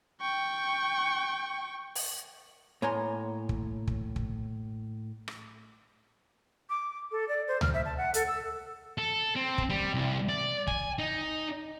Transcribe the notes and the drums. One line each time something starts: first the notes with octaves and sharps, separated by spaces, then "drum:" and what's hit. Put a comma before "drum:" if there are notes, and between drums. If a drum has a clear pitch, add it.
G5 C#6
drum: open hi-hat
A2 A#3 C#5 G#5 A#5 C6
drum: kick
drum: kick
drum: kick
drum: rim click
D6
A4
D5
C5
F6, drum: tom C#2
E5
A5
F#5
A4, drum: hi-hat
E6
A4
C4
drum: kick
G3
C2
D5
G#5, drum: kick
D#4